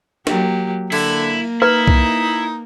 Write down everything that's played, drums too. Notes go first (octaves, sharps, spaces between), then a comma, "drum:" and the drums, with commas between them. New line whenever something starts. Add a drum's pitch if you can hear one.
F#3 A#3 G4, drum: snare
D3 A#3 E4, drum: cymbal
D#4 E4 B4
drum: kick C2